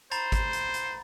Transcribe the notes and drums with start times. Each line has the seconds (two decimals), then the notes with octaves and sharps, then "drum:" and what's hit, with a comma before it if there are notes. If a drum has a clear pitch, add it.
0.12 C5 A#5 B5 A6, drum: hi-hat
0.32 drum: kick G#1, hi-hat
0.53 drum: hi-hat
0.74 drum: hi-hat